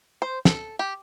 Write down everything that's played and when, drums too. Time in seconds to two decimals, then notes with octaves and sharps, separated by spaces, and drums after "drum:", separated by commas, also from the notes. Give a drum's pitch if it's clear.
0.22 C5
0.45 A4, drum: snare
0.79 G4